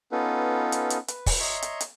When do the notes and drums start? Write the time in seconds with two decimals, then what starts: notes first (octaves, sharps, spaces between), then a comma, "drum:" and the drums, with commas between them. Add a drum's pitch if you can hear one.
0.12 B3 C#4 D#4 F4 A4 B4
0.72 drum: hi-hat
0.90 drum: hi-hat
1.08 B4, drum: hi-hat
1.26 drum: kick, open hi-hat
1.40 C#5 D#5 E5 A#5 C6
1.62 drum: hi-hat
1.80 drum: hi-hat